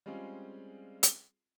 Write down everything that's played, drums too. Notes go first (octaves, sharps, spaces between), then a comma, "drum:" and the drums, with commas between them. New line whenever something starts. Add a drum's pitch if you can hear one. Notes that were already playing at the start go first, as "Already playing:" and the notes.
G3 G#3 C4 C#4 F4 G#4
drum: hi-hat